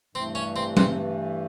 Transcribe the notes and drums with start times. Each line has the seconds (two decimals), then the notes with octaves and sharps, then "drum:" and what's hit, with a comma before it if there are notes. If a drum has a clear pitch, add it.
0.15 G2 E3 A3 C4
0.35 C#4
0.56 C4
0.77 C4, drum: tom F#3